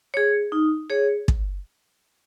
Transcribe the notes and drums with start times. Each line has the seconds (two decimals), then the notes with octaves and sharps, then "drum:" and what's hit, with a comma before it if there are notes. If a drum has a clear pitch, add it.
0.14 G#4 C#5
0.52 D#4
0.90 G#4 C#5
1.28 drum: kick